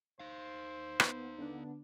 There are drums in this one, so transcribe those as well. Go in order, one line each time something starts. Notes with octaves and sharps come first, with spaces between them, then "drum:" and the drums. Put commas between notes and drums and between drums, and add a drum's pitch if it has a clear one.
D#4 C5 F5
B3, drum: rim click
D3 B3 D4